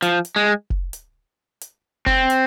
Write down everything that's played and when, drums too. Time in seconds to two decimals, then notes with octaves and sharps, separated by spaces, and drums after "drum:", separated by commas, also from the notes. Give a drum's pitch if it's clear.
0.02 F3, drum: hi-hat
0.25 drum: hi-hat
0.36 G#3
0.70 drum: kick F1
0.93 drum: hi-hat
1.61 drum: hi-hat
2.06 C4, drum: kick F1
2.30 drum: hi-hat